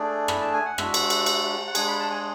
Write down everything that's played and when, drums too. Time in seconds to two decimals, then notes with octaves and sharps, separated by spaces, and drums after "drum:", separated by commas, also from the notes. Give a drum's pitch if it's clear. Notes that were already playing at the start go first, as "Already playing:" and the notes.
Already playing: A3 D4 G#4 D5
0.28 B5, drum: rim click
0.41 A5
0.54 G#5
0.66 F#5
0.78 G#3 D4 F#4 E5, drum: rim click
0.94 drum: cymbal
1.10 drum: cymbal
1.26 drum: cymbal
1.67 F#5
1.75 G#3 D4 G#4 G#5, drum: cymbal
1.87 B5
2.00 A5
2.11 G#5